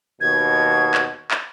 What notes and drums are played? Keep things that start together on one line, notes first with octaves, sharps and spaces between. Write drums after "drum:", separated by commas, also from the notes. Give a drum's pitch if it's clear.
D#2 B2 G#6
drum: clap
drum: clap